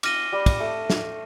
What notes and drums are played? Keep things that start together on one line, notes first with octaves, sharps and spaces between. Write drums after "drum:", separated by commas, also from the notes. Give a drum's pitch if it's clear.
D6 F6 A#6 D#7 G7, drum: cymbal
G3
drum: kick, cymbal
A3
drum: snare